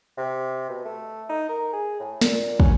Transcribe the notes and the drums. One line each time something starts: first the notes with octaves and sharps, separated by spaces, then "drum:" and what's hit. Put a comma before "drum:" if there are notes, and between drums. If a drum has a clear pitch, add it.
C3
B2
A3
D#4
A#4
G#4
A2
A#2, drum: snare
C#4, drum: kick